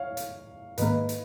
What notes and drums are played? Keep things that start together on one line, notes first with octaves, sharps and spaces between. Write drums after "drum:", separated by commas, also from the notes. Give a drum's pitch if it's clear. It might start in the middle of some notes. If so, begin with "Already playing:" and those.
Already playing: C#5 F5
drum: hi-hat
G#2 D#3 A#3 B4 D#5, drum: hi-hat
drum: hi-hat